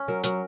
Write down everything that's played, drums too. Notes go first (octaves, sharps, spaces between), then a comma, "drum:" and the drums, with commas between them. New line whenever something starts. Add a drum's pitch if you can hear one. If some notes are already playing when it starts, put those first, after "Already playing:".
Already playing: C#4
F#3 A#4
F#3 A#4, drum: hi-hat